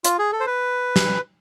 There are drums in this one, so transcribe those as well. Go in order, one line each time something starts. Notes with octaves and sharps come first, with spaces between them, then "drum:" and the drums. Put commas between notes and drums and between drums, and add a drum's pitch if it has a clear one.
F4, drum: hi-hat
G#4
A4
C5
B4
drum: snare